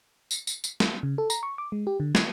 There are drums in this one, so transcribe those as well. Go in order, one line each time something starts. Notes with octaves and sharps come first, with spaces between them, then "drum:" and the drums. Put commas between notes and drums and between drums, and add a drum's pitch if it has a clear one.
drum: tambourine
drum: tambourine
drum: tambourine
drum: snare
C#3
A4
A#5, drum: tambourine
C#6
D6
G#3
G4
D3
G#6, drum: snare